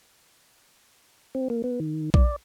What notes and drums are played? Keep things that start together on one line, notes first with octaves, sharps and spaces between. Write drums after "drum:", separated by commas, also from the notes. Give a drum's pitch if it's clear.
C4
A#3
B3
D#3
D5, drum: kick A#1